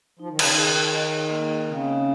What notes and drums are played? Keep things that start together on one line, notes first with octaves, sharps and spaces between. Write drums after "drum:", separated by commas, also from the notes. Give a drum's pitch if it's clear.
F3 D#4
D#3
C#3, drum: cymbal
D#3
G#4
D#5
A#3
C#3 C4